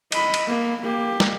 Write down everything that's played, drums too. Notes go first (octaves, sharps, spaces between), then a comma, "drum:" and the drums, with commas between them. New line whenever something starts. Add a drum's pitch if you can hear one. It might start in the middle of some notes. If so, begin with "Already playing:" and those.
D#5 B5, drum: cymbal
drum: cymbal
A#3
A#3 G4
drum: snare